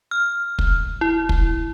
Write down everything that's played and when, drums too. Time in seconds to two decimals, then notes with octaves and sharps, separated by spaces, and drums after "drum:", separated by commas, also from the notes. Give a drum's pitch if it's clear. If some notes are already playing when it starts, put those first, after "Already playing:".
0.11 F6
0.59 drum: kick
1.01 E4
1.29 drum: kick